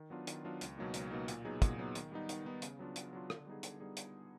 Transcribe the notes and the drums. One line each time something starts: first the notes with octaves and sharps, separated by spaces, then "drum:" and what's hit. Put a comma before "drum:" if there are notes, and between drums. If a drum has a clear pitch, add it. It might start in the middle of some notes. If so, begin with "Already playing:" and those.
Already playing: D#3
F#3 B3 D4 F4
D#3, drum: hi-hat
F#3 B3 D4 F4
C#2, drum: hi-hat
B2 F#3 A#3 D#4
C#2, drum: hi-hat
B2 F#3 A#3 D#4
A#2, drum: hi-hat
F#3 B3 D#4 G#4
A#2, drum: kick, hi-hat
F#3 B3 D#4 G#4
D#3, drum: hi-hat
G3 B3 D#4
D#3, drum: hi-hat
G3 B3 D#4
C#3, drum: hi-hat
F#3 B3 D4 F4
C#3, drum: hi-hat
F#3 B3 D4 F4
D3, drum: rim click
G3 B3 D#4 G#4
D3, drum: hi-hat
G3 B3 D#4 G#4
drum: hi-hat